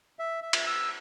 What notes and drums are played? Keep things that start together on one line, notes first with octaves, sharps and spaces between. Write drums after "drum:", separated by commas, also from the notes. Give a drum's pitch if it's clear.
E5
E5
drum: cymbal
E6